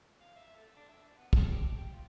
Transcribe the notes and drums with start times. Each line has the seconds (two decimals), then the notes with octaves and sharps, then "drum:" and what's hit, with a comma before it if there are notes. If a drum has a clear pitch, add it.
0.21 F5
0.36 E5
0.56 A3
0.76 D4
0.89 E5
1.04 D4
1.18 B3
1.33 A4, drum: kick
1.52 G4
1.78 G5
1.92 F4